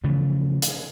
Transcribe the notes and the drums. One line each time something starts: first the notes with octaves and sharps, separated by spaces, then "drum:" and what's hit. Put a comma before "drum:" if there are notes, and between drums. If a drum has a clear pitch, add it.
C#3 E3 F3 A3
drum: hi-hat